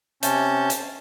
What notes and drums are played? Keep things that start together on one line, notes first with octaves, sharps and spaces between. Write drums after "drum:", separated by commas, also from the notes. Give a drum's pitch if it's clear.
C3 C#4 A5 G6, drum: hi-hat
drum: hi-hat